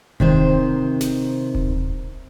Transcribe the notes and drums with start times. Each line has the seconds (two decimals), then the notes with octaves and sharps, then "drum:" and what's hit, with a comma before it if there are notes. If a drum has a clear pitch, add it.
0.20 C3 D#3 C5, drum: kick D#1
1.01 drum: snare
1.55 drum: kick D#1